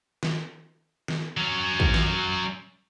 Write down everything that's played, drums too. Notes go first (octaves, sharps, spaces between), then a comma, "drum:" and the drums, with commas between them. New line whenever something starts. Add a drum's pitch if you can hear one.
drum: snare
drum: snare
F#3 C#4
drum: kick
drum: snare